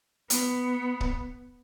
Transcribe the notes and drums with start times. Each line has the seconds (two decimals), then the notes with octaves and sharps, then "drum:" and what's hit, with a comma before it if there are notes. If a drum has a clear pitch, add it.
0.30 B3, drum: hi-hat
1.01 drum: kick C#1